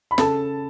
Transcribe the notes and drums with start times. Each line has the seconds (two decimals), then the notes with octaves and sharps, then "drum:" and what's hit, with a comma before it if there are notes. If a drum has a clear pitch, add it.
0.11 B5
0.18 C#3 A4 A5, drum: snare